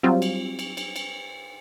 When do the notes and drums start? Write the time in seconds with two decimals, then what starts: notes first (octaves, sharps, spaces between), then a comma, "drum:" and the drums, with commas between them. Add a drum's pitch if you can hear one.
0.03 F#3 G3 C4 F4
0.22 drum: cymbal
0.59 drum: cymbal
0.77 drum: cymbal
0.96 drum: cymbal